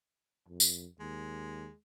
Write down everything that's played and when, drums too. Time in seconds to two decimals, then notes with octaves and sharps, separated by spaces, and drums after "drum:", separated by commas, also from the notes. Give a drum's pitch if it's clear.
0.48 F2
0.60 drum: tambourine
1.00 D#2 G#3